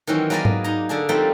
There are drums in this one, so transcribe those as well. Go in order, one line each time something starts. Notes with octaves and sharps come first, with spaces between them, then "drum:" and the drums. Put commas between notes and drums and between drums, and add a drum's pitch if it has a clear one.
D#3 E3 F#3 C4 C#4
F#3 A#3 G#4 B4 D5 D#5
drum: tom G#2
D#4 A#5
D3 D4 G#4
F3 G3 A3 A#3 C4 D#4